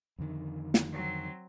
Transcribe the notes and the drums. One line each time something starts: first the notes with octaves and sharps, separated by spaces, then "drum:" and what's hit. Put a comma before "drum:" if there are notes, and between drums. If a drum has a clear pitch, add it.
F2 D3 D#3
drum: snare
F#3 C4